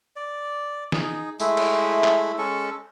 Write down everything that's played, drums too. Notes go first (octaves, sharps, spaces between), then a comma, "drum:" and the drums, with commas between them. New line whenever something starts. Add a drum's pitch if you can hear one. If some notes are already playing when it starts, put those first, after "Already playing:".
D5
D#4 G#4, drum: snare
G#3 A3 E4, drum: tambourine
drum: cymbal
drum: clap
G#3 C#4 A4 C#6